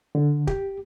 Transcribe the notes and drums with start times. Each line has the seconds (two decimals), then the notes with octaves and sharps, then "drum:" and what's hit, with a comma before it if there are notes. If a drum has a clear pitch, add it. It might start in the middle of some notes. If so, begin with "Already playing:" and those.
0.15 D3
0.47 G4, drum: kick